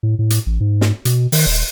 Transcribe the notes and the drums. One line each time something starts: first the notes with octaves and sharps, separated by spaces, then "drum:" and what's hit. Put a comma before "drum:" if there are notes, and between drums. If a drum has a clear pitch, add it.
A2
A2
drum: hi-hat
A1
G#2
drum: snare
B2, drum: hi-hat
D#3, drum: open hi-hat
D#1